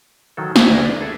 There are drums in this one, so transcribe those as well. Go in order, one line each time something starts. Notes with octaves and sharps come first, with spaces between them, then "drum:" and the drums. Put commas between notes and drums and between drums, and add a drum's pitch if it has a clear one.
D#3 F#3 A4
E4 C5 D5, drum: snare
D2 D#3 B3 E4 A#4 A#5
D4 B4
G#4 A4 E5